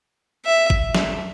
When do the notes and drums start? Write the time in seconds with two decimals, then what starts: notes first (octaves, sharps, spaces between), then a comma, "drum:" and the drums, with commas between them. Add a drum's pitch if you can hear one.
0.46 E5
0.70 drum: kick G#1
0.95 drum: snare